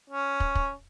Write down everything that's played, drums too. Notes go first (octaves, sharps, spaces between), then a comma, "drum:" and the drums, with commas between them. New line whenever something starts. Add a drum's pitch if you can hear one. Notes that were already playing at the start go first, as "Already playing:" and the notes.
C#4
drum: kick
drum: kick